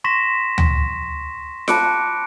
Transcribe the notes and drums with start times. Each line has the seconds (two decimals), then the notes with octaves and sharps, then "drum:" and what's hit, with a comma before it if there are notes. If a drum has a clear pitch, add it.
0.04 C6 C#6 A#6 B6 E7
0.58 drum: tom D2
1.68 A5 B5 D6 F#6 C#7 D7, drum: snare F4